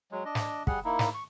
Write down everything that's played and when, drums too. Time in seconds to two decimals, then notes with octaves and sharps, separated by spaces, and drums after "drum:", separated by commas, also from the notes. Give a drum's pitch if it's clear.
0.12 F#3 G#3
0.25 D4 D#5
0.35 drum: snare
0.67 G3 G#4 F#5, drum: kick
0.85 A#3 D#4 E4
0.99 drum: snare
1.14 C#6